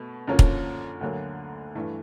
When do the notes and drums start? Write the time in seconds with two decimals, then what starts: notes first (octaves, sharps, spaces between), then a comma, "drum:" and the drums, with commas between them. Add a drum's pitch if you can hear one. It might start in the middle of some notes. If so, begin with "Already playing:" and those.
Already playing: B2 A3
0.28 F#2 D3 F3 A#3 C#4
0.39 drum: kick
1.01 D2 D3 F#3 A#3
1.75 G2 E3 A3